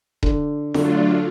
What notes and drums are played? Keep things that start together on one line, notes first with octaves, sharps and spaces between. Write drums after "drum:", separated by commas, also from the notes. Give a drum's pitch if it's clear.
D3, drum: kick D#1
D3 F#3 A3 D4 F4, drum: snare